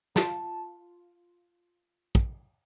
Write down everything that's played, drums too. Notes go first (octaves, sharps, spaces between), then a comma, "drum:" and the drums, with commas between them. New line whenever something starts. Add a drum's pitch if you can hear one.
F4 A5, drum: snare
drum: kick